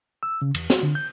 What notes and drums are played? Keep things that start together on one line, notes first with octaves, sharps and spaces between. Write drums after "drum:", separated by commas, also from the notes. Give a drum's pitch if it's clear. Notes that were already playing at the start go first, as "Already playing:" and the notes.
E6
C#3
E2, drum: cymbal
F#4, drum: snare
D3
G6